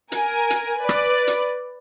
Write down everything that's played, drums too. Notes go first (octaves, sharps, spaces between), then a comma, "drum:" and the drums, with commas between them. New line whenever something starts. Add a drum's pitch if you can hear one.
A#4 G#5, drum: hi-hat
drum: hi-hat
B4 D5
drum: rim click
drum: hi-hat